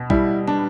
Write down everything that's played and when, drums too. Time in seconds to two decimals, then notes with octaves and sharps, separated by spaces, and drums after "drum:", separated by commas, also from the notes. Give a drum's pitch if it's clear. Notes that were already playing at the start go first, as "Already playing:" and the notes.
Already playing: B2
0.10 G3 E4, drum: kick
0.48 D4, drum: tom